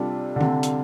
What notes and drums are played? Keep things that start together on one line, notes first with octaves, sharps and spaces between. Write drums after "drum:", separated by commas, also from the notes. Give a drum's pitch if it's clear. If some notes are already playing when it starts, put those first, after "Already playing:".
Already playing: C3 G3 D4 F4 A4
D3
C3, drum: tom D#3
drum: hi-hat